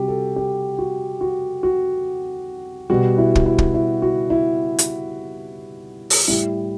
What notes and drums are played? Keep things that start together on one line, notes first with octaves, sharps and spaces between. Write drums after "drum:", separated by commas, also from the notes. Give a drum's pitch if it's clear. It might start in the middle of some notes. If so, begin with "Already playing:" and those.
Already playing: C3 G3 F#4 G4
A4
G4
F#4
F#4
F#4
B2 G3 F#4
E4
drum: kick
E4
drum: kick
E4
F#4
E4
drum: hi-hat
drum: open hi-hat
A2 G3 E4